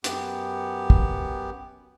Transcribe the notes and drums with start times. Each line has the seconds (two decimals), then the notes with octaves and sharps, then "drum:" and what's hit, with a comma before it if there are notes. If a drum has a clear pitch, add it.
0.04 F#2 B3 G4, drum: hi-hat
0.90 drum: kick